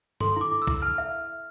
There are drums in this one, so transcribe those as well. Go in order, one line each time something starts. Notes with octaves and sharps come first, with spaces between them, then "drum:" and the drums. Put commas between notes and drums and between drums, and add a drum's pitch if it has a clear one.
A4 C6, drum: tom G2
E4 D6
E4
E6
E4, drum: kick
A5 F6
E5